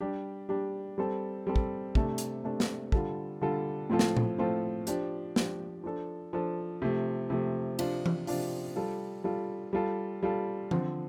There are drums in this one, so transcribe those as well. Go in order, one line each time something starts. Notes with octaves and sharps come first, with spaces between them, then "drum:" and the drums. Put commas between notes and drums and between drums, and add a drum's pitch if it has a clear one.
G3 D4 G4
G3 D4 G4
G3 C4 A4
G3 C4 A4
drum: kick
C3 A3 D4 A4, drum: kick
drum: hi-hat
C3 A3 D4 A4
drum: snare
D3 G3 F4 A4, drum: kick
D3 G3 F4 A4
A2 F3 C4 F4 A4
drum: snare
drum: tom A#2
A2 F3 C4 F4 A4
F3 D4 G4, drum: hi-hat
F3 D4 G4, drum: snare
F3 D4 A4
F3 D4 A4
C3 F3 A3
C3 F3 A3
C3 F3 D4 F4, drum: cymbal
drum: tom E3
C3 F3 D4 F4, drum: open hi-hat
G3 F4 A4
G3 F4 A4
G3 F4 A4
G3 F4 A4
D3 F3 C4, drum: tom E3